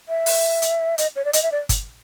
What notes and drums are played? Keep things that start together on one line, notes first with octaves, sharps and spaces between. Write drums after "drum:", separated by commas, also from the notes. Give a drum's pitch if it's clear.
E5
drum: open hi-hat
drum: hi-hat
D#5, drum: hi-hat
C#5
D5
D#5, drum: hi-hat
E5
D5
drum: kick G1, hi-hat